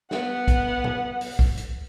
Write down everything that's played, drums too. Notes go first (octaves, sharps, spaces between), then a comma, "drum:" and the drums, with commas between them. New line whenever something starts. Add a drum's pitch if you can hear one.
B3 F#5, drum: snare
drum: kick, hi-hat
drum: tom A#2
drum: open hi-hat
drum: kick
drum: hi-hat